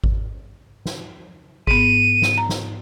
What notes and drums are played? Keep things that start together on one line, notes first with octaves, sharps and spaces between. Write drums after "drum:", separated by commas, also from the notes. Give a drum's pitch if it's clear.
drum: kick G#1
drum: snare
G#2 B3 D#7, drum: kick G#1
drum: snare
A#5
drum: snare